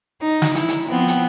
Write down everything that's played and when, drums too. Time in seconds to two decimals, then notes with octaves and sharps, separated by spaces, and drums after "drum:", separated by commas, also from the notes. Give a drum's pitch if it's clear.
0.21 D#4
0.42 drum: snare
0.55 E4, drum: hi-hat
0.68 drum: hi-hat
0.88 F3 B3 C4
1.08 drum: hi-hat